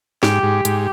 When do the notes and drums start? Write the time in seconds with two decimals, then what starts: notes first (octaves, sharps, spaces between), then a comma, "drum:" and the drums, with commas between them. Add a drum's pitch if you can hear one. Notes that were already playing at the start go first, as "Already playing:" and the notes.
0.23 G#2 G4, drum: snare
0.43 G#2
0.65 G#2, drum: hi-hat